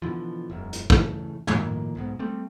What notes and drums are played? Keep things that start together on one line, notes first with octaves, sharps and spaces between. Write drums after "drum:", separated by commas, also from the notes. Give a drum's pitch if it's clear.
B2 D3 E3 F3
E1 F#2
drum: hi-hat
C#3 E3 A3, drum: kick
A2 D#3 F3 A#3, drum: tom
B1 G#2 B2
G3 A3 C4